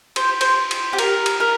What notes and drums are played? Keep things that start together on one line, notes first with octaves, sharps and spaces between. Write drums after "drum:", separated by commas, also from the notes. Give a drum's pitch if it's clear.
C5, drum: cymbal
C5, drum: cymbal
drum: cymbal
G4
A#4, drum: cymbal
drum: cymbal
A#4